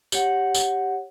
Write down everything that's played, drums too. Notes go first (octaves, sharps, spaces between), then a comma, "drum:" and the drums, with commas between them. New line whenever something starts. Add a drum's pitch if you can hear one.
G4 C#5 F#5, drum: tambourine
drum: tambourine